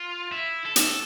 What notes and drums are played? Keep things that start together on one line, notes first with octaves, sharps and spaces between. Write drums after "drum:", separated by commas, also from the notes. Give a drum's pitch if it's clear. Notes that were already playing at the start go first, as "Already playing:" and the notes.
Already playing: F4
E4
A4
drum: hi-hat